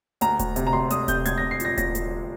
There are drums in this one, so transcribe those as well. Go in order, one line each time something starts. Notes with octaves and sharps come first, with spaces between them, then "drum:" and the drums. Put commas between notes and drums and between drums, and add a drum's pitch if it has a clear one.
D2 A#5, drum: hi-hat
D2, drum: kick D#1, hi-hat
C3, drum: hi-hat
A#5
D2 C6
D2 D#6, drum: hi-hat
C3 G6, drum: kick D#1, hi-hat
D2 G#6, drum: hi-hat
C3 A#6
C7
F3, drum: hi-hat
A#6
D2 A#6, drum: kick D#1, hi-hat
D2, drum: hi-hat